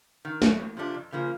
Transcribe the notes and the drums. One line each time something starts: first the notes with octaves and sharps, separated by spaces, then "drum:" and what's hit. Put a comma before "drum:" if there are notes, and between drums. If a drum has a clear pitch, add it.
D#3
F#3 A3 C4, drum: snare
E2
C3 F3 A3 D4
F2
C#3 F3 A#3